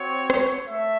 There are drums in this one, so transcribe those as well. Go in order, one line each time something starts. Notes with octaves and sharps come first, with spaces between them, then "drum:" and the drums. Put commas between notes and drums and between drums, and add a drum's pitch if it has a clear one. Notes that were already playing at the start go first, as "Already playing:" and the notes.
Already playing: C4 F#4 C#5
drum: rim click
A3 E5